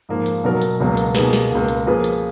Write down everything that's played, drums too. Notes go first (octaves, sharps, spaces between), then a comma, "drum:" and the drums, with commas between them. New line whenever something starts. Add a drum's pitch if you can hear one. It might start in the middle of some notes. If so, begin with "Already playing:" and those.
G#2 F3 A#3
drum: hi-hat
B2 F#3 B3 D#4 A#4
drum: hi-hat
C#2 B2 F#3 A#3
drum: hi-hat
B2 A#3 D#4 G#4 B4, drum: snare
drum: snare
C#2 B2 A#3
drum: hi-hat
F3 A#3 F4 G#4 B4
drum: hi-hat